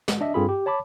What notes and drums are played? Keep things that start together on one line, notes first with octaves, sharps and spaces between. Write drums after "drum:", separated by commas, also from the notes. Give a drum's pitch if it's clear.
G#3, drum: snare
D4 D#5 E5
G2 C4 F4 G#4 A4 B5
G4
C#5 A5 B5 D6